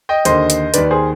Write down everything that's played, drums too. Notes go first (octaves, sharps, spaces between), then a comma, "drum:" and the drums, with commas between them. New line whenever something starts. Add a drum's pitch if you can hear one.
D#5 G5
D#2 D3 C5 D#5, drum: hi-hat
drum: hi-hat
D#2 D#3 B4 D5, drum: hi-hat
G#4 C5